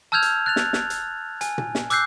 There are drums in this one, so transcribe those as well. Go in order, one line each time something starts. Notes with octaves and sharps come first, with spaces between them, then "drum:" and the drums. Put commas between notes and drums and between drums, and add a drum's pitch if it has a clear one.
A5 E6 F6 G6 G#6 F7
drum: hi-hat
F#6 A6 F7
drum: snare
drum: snare
drum: hi-hat
G#5, drum: hi-hat
drum: tom A#2
drum: snare
D6 E6 F#6 G6 C7, drum: hi-hat